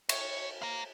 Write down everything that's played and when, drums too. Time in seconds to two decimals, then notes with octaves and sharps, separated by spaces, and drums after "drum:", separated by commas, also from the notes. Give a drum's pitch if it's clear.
0.09 C#5, drum: cymbal
0.62 F5 A#5